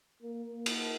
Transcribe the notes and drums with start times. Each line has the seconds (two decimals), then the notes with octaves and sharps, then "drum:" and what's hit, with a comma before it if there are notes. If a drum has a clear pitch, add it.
0.23 A#3
0.51 A#3
0.66 drum: cymbal